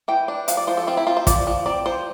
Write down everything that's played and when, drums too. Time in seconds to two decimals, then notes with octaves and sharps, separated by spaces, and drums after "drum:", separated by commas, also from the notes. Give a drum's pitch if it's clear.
0.08 E3 G5
0.28 D4
0.48 F3 F5, drum: hi-hat
0.57 D5
0.67 F3 C5
0.77 A4
0.87 C4 F4
0.97 E4
1.07 C4 F4
1.17 C5
1.27 F3 D5, drum: kick, hi-hat
1.47 F3
1.66 C4 D5
1.86 F3 C5